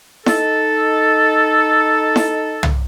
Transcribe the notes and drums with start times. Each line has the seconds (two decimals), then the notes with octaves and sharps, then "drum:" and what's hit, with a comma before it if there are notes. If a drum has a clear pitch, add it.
0.26 D#4 A4, drum: snare E4
2.16 drum: snare E4
2.63 drum: tom